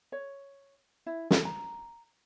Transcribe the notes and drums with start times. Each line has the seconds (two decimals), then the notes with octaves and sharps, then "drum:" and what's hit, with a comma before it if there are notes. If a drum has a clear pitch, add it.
0.12 C#5
1.06 E4
1.31 A4, drum: snare
1.45 A#5